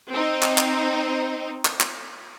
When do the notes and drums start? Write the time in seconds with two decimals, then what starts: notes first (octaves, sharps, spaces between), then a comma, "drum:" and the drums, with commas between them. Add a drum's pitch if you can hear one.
0.12 C4 D#4
0.42 drum: clap
0.58 drum: clap
1.65 drum: clap
1.80 drum: clap